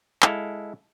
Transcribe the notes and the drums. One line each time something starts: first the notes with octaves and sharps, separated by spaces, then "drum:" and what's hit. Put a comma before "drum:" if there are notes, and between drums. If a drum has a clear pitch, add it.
G#3 E4 A4 F5, drum: clap